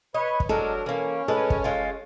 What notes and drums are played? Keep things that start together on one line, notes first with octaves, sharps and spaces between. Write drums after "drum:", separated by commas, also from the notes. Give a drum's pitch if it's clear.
B4 C#5 D#5
drum: kick
F#3 G#3 D4 A4 A#4
E3 A#3 C#4
G#3 A4 B4
drum: kick
G#3 F4